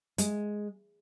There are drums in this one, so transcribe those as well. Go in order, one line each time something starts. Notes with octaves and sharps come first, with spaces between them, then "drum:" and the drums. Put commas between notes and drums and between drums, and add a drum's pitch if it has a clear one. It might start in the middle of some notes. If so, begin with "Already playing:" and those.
G#3, drum: hi-hat